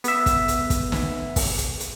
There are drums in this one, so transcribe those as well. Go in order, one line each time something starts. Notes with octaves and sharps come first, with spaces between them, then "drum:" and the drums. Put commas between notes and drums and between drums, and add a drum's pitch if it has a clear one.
B3 E5, drum: hi-hat
drum: kick, hi-hat
drum: hi-hat
drum: kick, hi-hat
drum: snare
drum: kick, open hi-hat
drum: hi-hat
drum: hi-hat